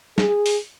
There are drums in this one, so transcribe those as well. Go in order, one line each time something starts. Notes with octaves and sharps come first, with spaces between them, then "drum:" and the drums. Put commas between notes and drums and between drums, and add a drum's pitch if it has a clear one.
G#4, drum: snare
drum: open hi-hat